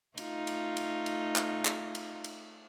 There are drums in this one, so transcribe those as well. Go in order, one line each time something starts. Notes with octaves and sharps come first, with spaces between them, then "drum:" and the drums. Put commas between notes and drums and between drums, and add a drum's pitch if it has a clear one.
A3 D#4 F4, drum: cymbal
drum: cymbal
drum: cymbal
drum: cymbal
drum: clap
drum: clap
drum: cymbal
drum: cymbal